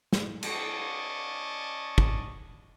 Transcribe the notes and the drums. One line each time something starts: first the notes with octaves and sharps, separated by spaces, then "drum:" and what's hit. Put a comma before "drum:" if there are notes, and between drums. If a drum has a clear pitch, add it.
drum: snare
C#4 D5 D#5 A5 C#6, drum: cymbal
drum: kick